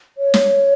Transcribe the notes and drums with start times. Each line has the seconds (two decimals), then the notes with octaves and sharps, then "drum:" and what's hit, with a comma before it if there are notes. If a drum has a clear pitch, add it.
0.17 C#5
0.34 drum: snare